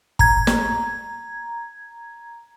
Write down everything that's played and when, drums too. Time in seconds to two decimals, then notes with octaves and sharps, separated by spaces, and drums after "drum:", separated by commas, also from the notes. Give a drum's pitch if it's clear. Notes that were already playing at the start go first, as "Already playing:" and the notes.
0.19 A#5 G#6, drum: kick G1
0.47 drum: snare